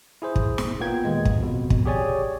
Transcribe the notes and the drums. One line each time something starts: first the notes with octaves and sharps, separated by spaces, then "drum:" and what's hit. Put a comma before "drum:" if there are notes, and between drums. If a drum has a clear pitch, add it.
E4 G#4 C5
drum: kick
drum: snare
A#2 A#3 B3 G5 G#6
D#2 G#3
drum: kick
F2 B2
drum: kick
G4 G#4 C#5 D5 G#5